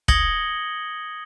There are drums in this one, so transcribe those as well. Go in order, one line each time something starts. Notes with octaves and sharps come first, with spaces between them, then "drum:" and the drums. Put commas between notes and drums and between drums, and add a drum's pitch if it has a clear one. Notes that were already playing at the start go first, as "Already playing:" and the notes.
D#6 G#6 A#6 C#7 F#7 G7, drum: kick